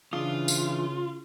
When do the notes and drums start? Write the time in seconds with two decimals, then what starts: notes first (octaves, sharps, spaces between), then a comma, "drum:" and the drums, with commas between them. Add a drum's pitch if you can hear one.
0.13 C#3 E3 D4 F4 D#6
0.48 drum: tambourine